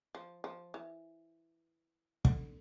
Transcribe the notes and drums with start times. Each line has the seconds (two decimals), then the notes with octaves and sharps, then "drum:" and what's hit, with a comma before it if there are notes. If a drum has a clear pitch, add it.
0.15 F3
0.44 F3
0.74 E3
2.25 D3, drum: kick